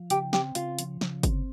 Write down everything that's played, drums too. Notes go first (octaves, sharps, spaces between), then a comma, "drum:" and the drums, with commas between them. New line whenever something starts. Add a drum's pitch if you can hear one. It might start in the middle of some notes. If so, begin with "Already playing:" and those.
Already playing: F3
C#3 G4, drum: hi-hat
C4 G4, drum: snare
C#3 F4, drum: hi-hat
F3, drum: hi-hat
C#3, drum: snare
C4, drum: kick, hi-hat